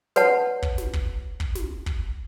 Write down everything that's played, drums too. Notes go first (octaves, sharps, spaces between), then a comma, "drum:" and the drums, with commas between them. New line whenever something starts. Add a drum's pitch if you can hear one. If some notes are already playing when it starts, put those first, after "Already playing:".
B4 C#5 F#5 A5, drum: snare
drum: kick
drum: snare
drum: kick
drum: kick
drum: snare
drum: kick